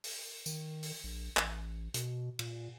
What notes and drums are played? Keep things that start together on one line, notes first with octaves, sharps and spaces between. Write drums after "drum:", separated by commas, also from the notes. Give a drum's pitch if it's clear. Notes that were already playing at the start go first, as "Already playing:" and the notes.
drum: open hi-hat
D#3, drum: tambourine
drum: open hi-hat
A#1
A1, drum: clap
B2, drum: hi-hat
A#2, drum: cymbal